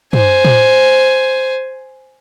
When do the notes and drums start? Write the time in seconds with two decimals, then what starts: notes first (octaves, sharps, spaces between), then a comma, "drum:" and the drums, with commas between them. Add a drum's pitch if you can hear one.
0.13 C5 G#5, drum: tom
0.45 drum: tom